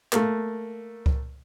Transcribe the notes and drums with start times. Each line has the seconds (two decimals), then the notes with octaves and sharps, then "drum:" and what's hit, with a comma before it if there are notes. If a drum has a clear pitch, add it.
0.13 A3 A#3, drum: clap
1.06 drum: kick C#2